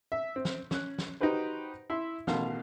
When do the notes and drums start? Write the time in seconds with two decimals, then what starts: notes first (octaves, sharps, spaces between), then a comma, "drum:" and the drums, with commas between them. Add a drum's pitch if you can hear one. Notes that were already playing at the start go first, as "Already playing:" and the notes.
0.12 E5
0.36 C4
0.45 drum: snare
0.71 C#4 F#6, drum: snare
0.98 drum: snare
1.21 D#4 F#4 G4 B4 C5
1.90 E4 E5 C6
2.27 A1 B2 D#3 F5 C6, drum: snare